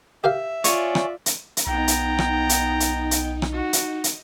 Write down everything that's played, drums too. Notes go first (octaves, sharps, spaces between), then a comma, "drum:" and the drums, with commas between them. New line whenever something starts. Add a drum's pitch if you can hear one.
G4 A#4 E5 F5
F4 C#5 D5 G#5 C#6, drum: hi-hat
drum: rim click
drum: hi-hat
drum: hi-hat
B1 B3 D#4 G5 A#5
drum: hi-hat
drum: rim click
drum: hi-hat
drum: hi-hat
drum: hi-hat
drum: rim click
F#4
drum: hi-hat
drum: hi-hat